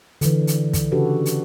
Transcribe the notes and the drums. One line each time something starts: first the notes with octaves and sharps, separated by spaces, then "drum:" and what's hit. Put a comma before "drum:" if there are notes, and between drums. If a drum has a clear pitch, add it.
D3 E3, drum: hi-hat
drum: hi-hat
drum: kick, hi-hat
C#3 D4 F#4 G4 A4 B4
drum: hi-hat